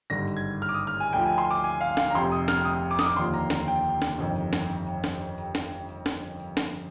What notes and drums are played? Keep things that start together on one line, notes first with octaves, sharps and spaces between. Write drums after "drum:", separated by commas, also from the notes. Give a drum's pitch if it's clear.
G#1 G2 D3 A#6, drum: tambourine
drum: tambourine
G#6
F6, drum: tambourine
D6
D#6
F6
G#5
D2 D3 F3 G5, drum: tambourine
G#5
C6
D6
G#5
F5, drum: tambourine
F5, drum: snare
A#5
F1 F2 C3 C6
D#6, drum: tambourine
F6, drum: snare
D#6, drum: tambourine
D6
D#6, drum: snare
D6
D#2 D3 F3 C6, drum: tambourine
A#5, drum: tambourine
A#5, drum: snare
G5
drum: tambourine
drum: snare
G1 F2 D#3, drum: tambourine
drum: tambourine
drum: snare
drum: tambourine
drum: tambourine
drum: snare
drum: tambourine
drum: tambourine
drum: snare
drum: tambourine
drum: tambourine
drum: snare
drum: tambourine
drum: tambourine
drum: snare
drum: tambourine